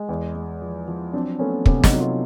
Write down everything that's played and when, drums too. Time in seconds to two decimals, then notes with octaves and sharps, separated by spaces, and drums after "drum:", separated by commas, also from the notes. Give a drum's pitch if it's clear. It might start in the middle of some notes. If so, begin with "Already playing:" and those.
Already playing: G#3
0.09 E2
0.35 G#3
0.62 F3
0.88 F3
1.13 F#3 C4 D4
1.39 A3 B3 C#4
1.66 C3 B3 C#4, drum: kick
1.84 C#4 D#4, drum: snare
1.93 F#3
2.00 D#4 F4